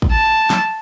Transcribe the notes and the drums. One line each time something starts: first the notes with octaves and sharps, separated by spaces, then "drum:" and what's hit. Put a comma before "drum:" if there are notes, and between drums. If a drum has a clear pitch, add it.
drum: kick
A5
drum: snare